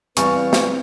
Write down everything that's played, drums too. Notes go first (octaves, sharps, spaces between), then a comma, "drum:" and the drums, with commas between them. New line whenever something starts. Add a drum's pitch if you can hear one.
E2 G3 C4 B4 F5 G#5 C#6, drum: hi-hat
drum: snare